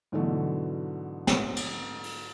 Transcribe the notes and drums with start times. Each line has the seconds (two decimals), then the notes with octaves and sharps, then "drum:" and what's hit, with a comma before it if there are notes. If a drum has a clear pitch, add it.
0.12 G#2 B2 D3 E3 F#3 A3
1.27 drum: snare
1.57 drum: cymbal
2.04 drum: open hi-hat